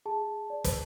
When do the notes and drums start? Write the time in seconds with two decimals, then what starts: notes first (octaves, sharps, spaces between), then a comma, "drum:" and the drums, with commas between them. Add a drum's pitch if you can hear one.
0.06 G#4 A5
0.28 G#4
0.50 D5
0.64 drum: kick, hi-hat